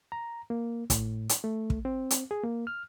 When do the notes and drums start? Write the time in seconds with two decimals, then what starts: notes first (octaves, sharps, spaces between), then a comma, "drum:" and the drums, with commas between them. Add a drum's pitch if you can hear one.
0.12 A#5
0.50 A#3
0.90 A2, drum: kick, hi-hat
1.29 drum: hi-hat
1.44 A3
1.70 drum: kick
1.85 C4
2.11 drum: hi-hat
2.31 G#4
2.44 A#3
2.67 F6